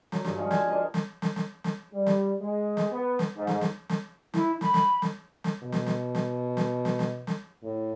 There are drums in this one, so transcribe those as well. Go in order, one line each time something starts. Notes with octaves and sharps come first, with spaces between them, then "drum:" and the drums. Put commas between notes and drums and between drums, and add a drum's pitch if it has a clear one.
F#3, drum: snare
G2, drum: snare
F3 G#3 F4 F#4
G#5 A5, drum: snare
D4 A#4 C5 D#5
drum: snare
drum: snare
drum: snare
drum: snare
G3
drum: snare
G#3
drum: snare
B3
drum: snare
G#2
drum: snare
drum: snare
drum: snare
E4, drum: snare
B5, drum: snare
drum: snare
drum: snare
drum: snare
B2
drum: snare
drum: snare
drum: snare
drum: snare
drum: snare
drum: snare
drum: snare
A2